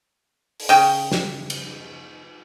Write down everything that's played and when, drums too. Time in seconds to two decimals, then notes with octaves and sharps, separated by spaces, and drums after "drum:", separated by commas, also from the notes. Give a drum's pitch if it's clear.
0.60 drum: open hi-hat
0.69 C#3 G5
1.12 drum: snare
1.50 drum: cymbal